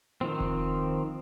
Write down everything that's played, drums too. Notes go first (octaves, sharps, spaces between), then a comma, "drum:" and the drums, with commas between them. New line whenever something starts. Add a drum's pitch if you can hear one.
D#3 F3 C4
drum: kick E1